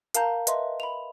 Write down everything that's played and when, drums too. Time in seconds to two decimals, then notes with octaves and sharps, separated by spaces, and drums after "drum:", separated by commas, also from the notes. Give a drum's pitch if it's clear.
0.15 A#4 F5 A5 A#5 G6, drum: hi-hat
0.47 B4 D#5 E5 C6, drum: hi-hat
0.80 B5 F7